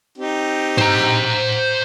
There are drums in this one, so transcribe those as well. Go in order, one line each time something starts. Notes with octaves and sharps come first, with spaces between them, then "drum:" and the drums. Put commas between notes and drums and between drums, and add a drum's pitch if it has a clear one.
C4 D#4 G4
C5 A#5, drum: tom G#2